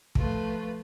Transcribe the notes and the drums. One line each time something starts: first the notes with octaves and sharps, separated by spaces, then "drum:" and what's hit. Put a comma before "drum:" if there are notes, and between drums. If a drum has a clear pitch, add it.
F3 A3 F4 B4, drum: kick